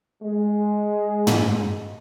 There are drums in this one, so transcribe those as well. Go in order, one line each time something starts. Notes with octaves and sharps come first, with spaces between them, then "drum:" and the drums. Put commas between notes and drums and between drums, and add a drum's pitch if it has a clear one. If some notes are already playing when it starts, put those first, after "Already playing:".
G#3
drum: tom